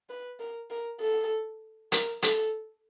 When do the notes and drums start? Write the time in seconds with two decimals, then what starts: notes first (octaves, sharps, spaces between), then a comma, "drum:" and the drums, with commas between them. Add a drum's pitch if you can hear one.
0.09 B4
0.40 A#4
0.70 A#4
1.00 A4
1.92 A#4, drum: hi-hat
2.22 A4, drum: hi-hat